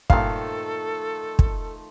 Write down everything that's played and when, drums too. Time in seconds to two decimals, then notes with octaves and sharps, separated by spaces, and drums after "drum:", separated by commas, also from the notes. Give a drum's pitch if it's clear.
0.10 G2 A#2 D#3 F3 A3 A4 F5, drum: kick
1.39 drum: kick